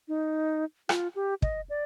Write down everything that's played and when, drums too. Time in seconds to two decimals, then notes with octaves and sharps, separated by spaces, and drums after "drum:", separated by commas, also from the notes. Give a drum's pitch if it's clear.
0.08 D#4
0.89 F4, drum: rim click
1.16 G4
1.42 D#5, drum: kick
1.70 D5